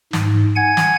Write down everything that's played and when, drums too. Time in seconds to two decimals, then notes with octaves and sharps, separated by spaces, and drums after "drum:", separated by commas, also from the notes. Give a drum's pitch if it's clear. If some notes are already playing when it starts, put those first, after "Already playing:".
0.13 G#2, drum: snare
0.56 F#5 G#5 G#6
0.77 drum: snare